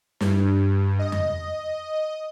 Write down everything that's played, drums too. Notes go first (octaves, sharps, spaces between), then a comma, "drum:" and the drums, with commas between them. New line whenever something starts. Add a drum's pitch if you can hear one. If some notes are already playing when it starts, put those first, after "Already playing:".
G2, drum: snare
D#5
drum: tom F2